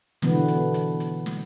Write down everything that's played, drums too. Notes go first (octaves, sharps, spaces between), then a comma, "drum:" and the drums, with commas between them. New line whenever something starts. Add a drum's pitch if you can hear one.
B2 D3 E3 B3, drum: snare
drum: hi-hat
drum: hi-hat
drum: hi-hat
drum: snare